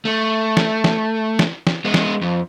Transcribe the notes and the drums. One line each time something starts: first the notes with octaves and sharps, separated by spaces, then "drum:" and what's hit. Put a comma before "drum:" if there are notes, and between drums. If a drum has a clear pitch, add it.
A3
drum: snare
drum: snare
drum: snare
drum: snare
G#3 B3
drum: snare
F2